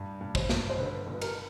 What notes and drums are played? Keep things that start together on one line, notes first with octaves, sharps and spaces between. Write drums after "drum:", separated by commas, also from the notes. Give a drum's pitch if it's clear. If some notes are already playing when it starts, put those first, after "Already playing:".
Already playing: G2
G2
C5, drum: kick
G2, drum: snare
C5
D3 B4
G1
B4
A#4, drum: cymbal